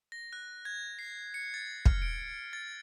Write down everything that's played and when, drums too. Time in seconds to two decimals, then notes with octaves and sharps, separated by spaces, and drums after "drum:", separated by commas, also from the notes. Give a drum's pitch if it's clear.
0.12 A#6
0.33 F#6
0.65 G#6
0.99 C7
1.34 C#7
1.54 A6
1.86 F6, drum: kick
2.02 D7
2.53 A6